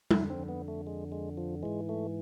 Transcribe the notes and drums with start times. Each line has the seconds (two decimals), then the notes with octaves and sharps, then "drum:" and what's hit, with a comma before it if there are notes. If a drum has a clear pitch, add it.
0.11 F2 D3 E4, drum: tom G3
0.30 C4
0.49 B3
0.68 A3
0.87 G#3
1.12 G#3
1.37 F3
1.63 G#2 E3 G#3
1.89 A3